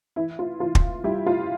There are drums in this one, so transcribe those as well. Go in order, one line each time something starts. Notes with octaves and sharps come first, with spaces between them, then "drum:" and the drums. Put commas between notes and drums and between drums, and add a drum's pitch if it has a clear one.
E3 E4
F4
E3 F4
drum: kick
G3 E4 G4
F4